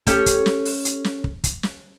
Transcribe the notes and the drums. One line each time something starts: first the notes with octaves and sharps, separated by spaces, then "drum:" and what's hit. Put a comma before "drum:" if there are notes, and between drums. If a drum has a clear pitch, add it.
C#4 G4 A4, drum: kick, hi-hat
drum: kick, hi-hat
drum: snare
drum: open hi-hat
drum: hi-hat
drum: snare
drum: kick
drum: kick, hi-hat
drum: snare